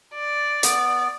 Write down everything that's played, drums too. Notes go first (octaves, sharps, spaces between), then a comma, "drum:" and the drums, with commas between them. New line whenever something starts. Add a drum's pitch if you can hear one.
D5
B3, drum: hi-hat